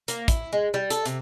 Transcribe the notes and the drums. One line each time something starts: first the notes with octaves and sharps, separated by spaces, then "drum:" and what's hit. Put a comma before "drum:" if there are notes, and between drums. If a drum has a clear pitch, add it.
A#3, drum: hi-hat
E4, drum: kick, hi-hat
G#3
G3
A4, drum: hi-hat
C3, drum: hi-hat